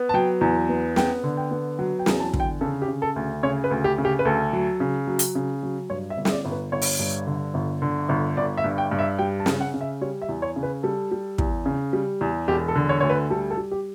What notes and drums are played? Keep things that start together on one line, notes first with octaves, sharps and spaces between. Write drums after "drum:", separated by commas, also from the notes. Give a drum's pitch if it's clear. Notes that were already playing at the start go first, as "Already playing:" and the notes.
Already playing: B3
A5
F#3 G5
E2
B3
B3 G5, drum: snare
D3
G5
B3
F#3 F#5
G5
E2, drum: snare
A5
D3, drum: kick
G5
C#3 A4
G4
C#3
A4
D2
C#3 C#5
B4
D2
G4
C#3
G4
B4
D2 A4
F#3
C#3
F#3
drum: hi-hat
C#3
F#3
G2 C#5
E5
G1
E5, drum: snare
D5
G1
B4
G1 C#5
drum: open hi-hat
G2
D3
G1
D3
G1
G1 D5
E5
G2
G5
G2
E5
G3 G5
A5
C#3, drum: snare
F#5
C#3
E5
G3 C#5
E5
E2
C#5
C#3
B4
G3 A4
G3
E2, drum: kick
C#3
G3
E2
E1 G4
A4
D3
C#5
D2 C#5
B4
G3 A4
A4
G3
G4